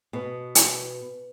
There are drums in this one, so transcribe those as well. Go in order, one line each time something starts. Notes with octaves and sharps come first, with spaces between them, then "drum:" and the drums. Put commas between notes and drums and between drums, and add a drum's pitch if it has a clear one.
B2
drum: hi-hat